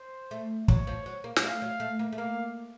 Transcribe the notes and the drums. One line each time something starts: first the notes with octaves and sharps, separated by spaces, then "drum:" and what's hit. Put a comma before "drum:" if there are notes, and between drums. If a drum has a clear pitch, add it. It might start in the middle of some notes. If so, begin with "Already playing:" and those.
Already playing: C5
A3
F#3 C#5, drum: kick
F3
F#3
A#3
F#3, drum: snare
A3 F5
F#3
A3
A#3
A3
A#3 F5